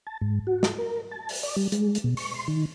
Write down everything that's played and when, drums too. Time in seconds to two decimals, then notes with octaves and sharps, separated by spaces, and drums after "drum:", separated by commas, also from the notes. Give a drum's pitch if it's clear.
0.07 A5
0.21 G#2
0.47 F#4
0.63 drum: snare
0.78 A#4
1.11 A5
1.29 drum: open hi-hat
1.43 D5
1.56 G3
1.72 G#3, drum: hi-hat
1.95 drum: hi-hat
2.04 B2
2.17 C#6, drum: open hi-hat
2.34 C6
2.48 D#3